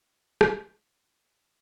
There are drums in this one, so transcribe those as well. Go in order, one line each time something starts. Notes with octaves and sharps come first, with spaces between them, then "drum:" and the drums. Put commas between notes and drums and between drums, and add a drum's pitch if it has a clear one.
D4
C3, drum: rim click
A3
E3